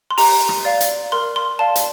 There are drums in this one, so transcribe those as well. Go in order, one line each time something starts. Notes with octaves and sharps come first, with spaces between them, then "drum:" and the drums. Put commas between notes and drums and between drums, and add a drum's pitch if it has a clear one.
C6
G4 A#5, drum: open hi-hat
drum: rim click
D5 F5
drum: hi-hat
A#4 C6
C6
D5 F5 A5
drum: hi-hat